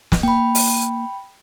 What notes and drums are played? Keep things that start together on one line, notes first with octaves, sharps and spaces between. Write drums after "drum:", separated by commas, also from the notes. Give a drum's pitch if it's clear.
drum: snare
A#3 G5 B5
drum: open hi-hat